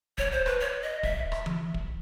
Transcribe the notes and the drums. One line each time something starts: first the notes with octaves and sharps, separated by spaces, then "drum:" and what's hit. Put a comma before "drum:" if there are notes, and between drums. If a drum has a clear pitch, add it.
C#5, drum: kick
C5
B4, drum: rim click
C#5
D#5
E5, drum: kick
drum: rim click
drum: tom E3
drum: kick